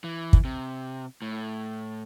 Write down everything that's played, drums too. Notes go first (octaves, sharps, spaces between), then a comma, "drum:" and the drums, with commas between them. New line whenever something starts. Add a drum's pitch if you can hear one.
E3
drum: kick
C3
A2